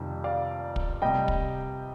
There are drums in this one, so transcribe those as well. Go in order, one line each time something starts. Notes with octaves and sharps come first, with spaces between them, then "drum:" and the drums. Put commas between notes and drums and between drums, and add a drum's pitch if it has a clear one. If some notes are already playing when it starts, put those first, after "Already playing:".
Already playing: F2 C3 D#3 G3
D5 F5
drum: kick
C3 G3 D#5 G5
drum: kick